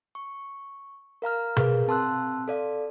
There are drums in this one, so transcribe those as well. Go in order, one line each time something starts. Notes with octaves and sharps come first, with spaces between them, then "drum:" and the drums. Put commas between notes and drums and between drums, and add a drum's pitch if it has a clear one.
C#6
A#4 F5 A#5 F6
G#4 A#4 B4 F5, drum: tom B2
C4 A5 C6 E6 F#6
A4 D5 F5